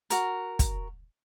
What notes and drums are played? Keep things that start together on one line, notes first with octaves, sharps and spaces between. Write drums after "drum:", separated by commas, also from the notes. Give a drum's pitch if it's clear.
F#4 A#4, drum: hi-hat
drum: kick, hi-hat